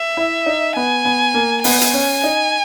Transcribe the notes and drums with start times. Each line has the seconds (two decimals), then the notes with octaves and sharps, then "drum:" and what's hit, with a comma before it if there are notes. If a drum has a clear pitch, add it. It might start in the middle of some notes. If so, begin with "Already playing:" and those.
Already playing: E5
0.17 E4
0.46 D#4
0.76 B3 G#5
1.05 B3
1.34 A#3
1.64 B3 G#5, drum: open hi-hat
1.81 drum: hi-hat
1.94 C#4
2.24 D#4